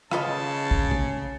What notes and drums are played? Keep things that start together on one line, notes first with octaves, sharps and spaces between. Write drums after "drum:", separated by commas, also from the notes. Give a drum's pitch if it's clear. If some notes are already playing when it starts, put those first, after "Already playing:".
C#3 F4 B4 D#5 A5, drum: rim click
drum: kick
drum: tom C3